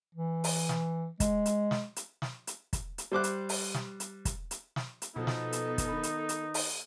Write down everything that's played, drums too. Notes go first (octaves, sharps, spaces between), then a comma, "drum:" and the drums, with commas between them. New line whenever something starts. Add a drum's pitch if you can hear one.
E3
drum: open hi-hat
drum: snare
G#3, drum: kick, hi-hat
drum: hi-hat
drum: snare
drum: hi-hat
drum: snare
drum: hi-hat
drum: kick, hi-hat
drum: hi-hat
G3 C5 D6 F#6
drum: hi-hat
drum: open hi-hat
drum: snare
drum: hi-hat
drum: kick, hi-hat
drum: hi-hat
drum: snare
drum: hi-hat
B2 F3 B3 D#4 A4
drum: snare
drum: hi-hat
drum: kick, hi-hat
D#3 B5
drum: hi-hat
drum: hi-hat
drum: open hi-hat